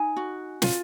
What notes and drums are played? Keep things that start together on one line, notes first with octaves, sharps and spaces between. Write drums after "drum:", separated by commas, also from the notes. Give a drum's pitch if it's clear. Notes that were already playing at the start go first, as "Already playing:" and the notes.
Already playing: D#4 G#5
F#4
F4, drum: snare